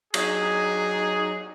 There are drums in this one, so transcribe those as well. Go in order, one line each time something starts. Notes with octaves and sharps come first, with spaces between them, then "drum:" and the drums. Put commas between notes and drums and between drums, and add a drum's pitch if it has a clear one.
F#3 D#4 G#4, drum: cymbal